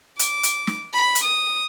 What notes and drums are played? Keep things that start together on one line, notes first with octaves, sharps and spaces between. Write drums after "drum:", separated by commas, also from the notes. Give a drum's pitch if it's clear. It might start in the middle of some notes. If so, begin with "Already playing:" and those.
D6, drum: hi-hat
drum: hi-hat
drum: snare
B5
drum: hi-hat
D#6